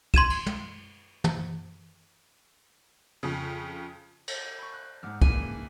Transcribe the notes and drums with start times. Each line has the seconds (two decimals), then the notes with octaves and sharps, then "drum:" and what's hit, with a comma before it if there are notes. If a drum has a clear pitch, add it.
0.14 C6 G#6 D#7 E7, drum: kick
0.30 drum: cymbal
0.46 drum: tom
1.24 drum: tom
3.23 F2 C#3
4.27 drum: cymbal
4.59 B5 C#6
4.74 F#6
5.03 E2 G#2 F#5 D6 F6
5.22 A#1 C#3 E3 A#3 G#5 D6, drum: kick